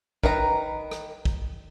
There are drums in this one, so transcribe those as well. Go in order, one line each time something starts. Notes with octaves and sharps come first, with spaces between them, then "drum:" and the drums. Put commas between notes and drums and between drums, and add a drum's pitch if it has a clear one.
D#3 B4 A#5, drum: kick
drum: rim click
drum: kick